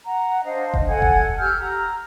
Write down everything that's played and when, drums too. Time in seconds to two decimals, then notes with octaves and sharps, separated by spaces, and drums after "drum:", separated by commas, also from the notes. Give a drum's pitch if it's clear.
0.05 F#5 A#5
0.45 D4 C5 D#5 F5
0.74 drum: kick F1
0.88 A4 F#5 G#5 G#6
1.02 drum: kick F1
1.40 G4 E6 F6 G6
1.60 A#5